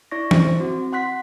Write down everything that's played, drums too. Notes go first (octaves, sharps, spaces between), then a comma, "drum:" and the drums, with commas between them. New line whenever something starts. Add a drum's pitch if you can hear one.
E4 D5 C#6 A#6
E4 C5, drum: tom E3
C4 F#4
F#5 C6 F#6 B6